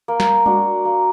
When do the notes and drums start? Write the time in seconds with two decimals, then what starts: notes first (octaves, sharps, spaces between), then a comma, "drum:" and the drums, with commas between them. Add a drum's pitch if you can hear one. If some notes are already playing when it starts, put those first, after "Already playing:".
0.08 A#3
0.20 drum: snare
0.46 D4 F#4, drum: tom G3
0.85 A#3